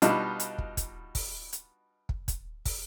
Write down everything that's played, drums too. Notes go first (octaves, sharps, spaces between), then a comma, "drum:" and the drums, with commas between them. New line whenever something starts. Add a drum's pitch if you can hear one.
B2 G3 D4 D#4 F4, drum: hi-hat
drum: hi-hat
drum: kick
drum: kick, hi-hat
drum: kick, open hi-hat
drum: hi-hat
drum: kick
drum: kick, hi-hat
drum: kick, open hi-hat